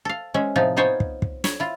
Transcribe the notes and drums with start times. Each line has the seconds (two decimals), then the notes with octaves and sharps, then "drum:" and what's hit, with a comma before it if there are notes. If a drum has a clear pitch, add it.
0.05 A4 F5
0.34 G#3 C#4 E5
0.56 A2 C3 F3 D#4 F4
0.77 B3 D#4 F4 C5 C#5 G#5
1.00 drum: kick
1.22 drum: kick
1.44 C#5, drum: snare
1.60 E4 F4